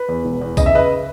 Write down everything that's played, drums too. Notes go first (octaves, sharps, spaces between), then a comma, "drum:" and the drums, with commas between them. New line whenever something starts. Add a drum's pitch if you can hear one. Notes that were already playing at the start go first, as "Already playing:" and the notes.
Already playing: B4
E2
E1
E2
C#3 D#5, drum: kick B1, tambourine
E5
C#3 B4 D#5